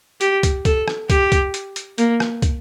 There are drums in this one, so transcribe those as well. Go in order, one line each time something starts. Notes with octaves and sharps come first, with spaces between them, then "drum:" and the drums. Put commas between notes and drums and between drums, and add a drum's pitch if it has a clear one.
G4, drum: hi-hat
drum: kick, hi-hat
A4, drum: kick, hi-hat
drum: rim click
G4, drum: kick, hi-hat
drum: kick, hi-hat
drum: hi-hat
drum: hi-hat
A#3, drum: hi-hat
drum: rim click
drum: kick, hi-hat